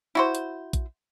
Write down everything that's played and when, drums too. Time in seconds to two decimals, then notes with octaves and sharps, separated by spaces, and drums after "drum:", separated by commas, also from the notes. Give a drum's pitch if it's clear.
0.15 E4 F#4 C5
0.35 drum: hi-hat
0.73 drum: kick A#1, hi-hat